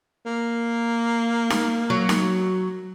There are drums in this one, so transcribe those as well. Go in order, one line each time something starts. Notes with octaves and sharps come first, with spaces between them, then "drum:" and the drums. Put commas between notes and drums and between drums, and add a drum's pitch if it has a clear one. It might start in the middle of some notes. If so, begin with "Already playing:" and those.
A#3
drum: snare D#4
F#3
drum: snare D#4